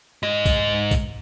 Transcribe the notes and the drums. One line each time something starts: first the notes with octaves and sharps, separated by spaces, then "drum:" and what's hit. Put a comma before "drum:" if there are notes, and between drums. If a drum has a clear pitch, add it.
G#2 D#5, drum: rim click
drum: kick B1, tambourine
drum: kick B1, tambourine